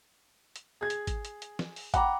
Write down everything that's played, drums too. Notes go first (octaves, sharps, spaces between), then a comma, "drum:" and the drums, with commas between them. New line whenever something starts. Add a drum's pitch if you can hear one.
drum: hi-hat
G#4 G#6
drum: hi-hat
drum: kick G#1, hi-hat
drum: hi-hat
drum: hi-hat
drum: snare
drum: open hi-hat
F#5 G5 A#5 B5 D6, drum: kick G#1, hi-hat